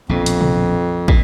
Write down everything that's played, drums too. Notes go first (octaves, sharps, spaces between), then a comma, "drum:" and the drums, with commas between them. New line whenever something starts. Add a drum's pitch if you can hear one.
A#1 F2 B2
drum: hi-hat
drum: tom
A#2, drum: kick